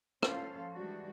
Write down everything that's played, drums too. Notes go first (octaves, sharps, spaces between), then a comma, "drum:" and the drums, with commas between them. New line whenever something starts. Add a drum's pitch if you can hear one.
F3 C#4 A4 C5 F5, drum: rim click
E3 G3 G#3 D4 F#4